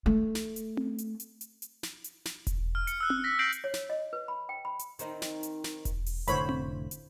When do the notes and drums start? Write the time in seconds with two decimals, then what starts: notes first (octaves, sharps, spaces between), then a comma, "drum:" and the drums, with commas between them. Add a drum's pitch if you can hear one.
0.06 A3
0.35 drum: snare
0.56 drum: hi-hat
0.77 drum: tom C4
0.98 drum: hi-hat
1.20 drum: hi-hat
1.41 drum: hi-hat
1.62 drum: hi-hat
1.83 drum: snare
2.04 drum: hi-hat
2.25 drum: snare
2.47 drum: kick E1, hi-hat
2.75 F6
2.87 C#7, drum: hi-hat
3.01 E6 F#6
3.10 drum: tom C4
3.24 A#6 B6
3.39 G6 A#6 C7 D7 F#7
3.52 drum: hi-hat
3.64 C#5
3.74 drum: snare
3.90 D#5
4.13 B4
4.28 B5
4.49 G5
4.65 B5
4.79 drum: hi-hat
4.99 D#3 C4 D#4, drum: hi-hat
5.22 drum: snare
5.43 drum: hi-hat
5.64 drum: snare
5.85 drum: kick E1, hi-hat
6.06 drum: open hi-hat
6.28 F1 A2 D3 C5 C#5 F5 B5, drum: hi-hat
6.49 drum: tom C4
6.91 drum: hi-hat